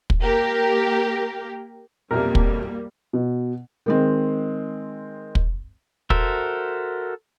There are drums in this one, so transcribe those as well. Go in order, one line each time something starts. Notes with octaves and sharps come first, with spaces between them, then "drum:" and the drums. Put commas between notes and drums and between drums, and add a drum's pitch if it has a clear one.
drum: kick
A#3 G4 A#4
B1 F2 G3 A#3 A#4 E5
drum: kick
B2
D#3 G#3 C4
drum: kick
F#4 A4 A#4 C5 E5, drum: kick